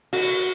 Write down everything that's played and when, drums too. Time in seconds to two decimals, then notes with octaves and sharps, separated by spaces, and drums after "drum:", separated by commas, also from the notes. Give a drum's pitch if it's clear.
0.13 F#4, drum: open hi-hat